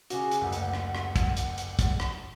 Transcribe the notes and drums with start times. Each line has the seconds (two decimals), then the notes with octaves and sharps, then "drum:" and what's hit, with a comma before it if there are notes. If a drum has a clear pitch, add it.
0.10 C#3 F#4 G#4 G#5 D6, drum: hi-hat
0.31 drum: hi-hat
0.41 F#1 D2 F#5
0.52 drum: hi-hat
0.74 drum: rim click
0.95 drum: rim click
1.16 drum: kick, hi-hat
1.37 drum: hi-hat
1.58 drum: hi-hat
1.79 drum: kick, hi-hat
2.00 drum: rim click